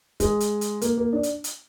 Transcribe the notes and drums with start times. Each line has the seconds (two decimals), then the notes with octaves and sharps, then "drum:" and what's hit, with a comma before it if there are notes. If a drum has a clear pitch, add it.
0.20 G#3, drum: kick, hi-hat
0.40 drum: hi-hat
0.61 drum: hi-hat
0.81 A#3, drum: hi-hat
0.97 A#3
1.13 D4
1.23 drum: hi-hat
1.44 drum: hi-hat